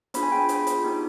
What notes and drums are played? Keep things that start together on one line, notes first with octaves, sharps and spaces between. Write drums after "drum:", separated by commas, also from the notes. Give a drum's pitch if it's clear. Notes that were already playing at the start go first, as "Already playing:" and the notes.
B3 D4 F4 G#4 B5, drum: hi-hat
G#5
G5
D4 F4 G#4 B5, drum: hi-hat
drum: hi-hat
B3 D#4 G4